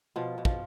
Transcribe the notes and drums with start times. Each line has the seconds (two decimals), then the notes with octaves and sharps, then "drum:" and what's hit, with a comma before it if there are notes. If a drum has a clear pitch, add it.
0.16 B2 F3 F4
0.38 B2
0.45 F3 F4, drum: kick